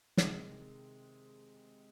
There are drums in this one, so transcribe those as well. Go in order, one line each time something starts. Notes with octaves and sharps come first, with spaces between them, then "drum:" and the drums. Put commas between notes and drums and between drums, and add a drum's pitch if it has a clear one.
C3 D#3 G#3, drum: snare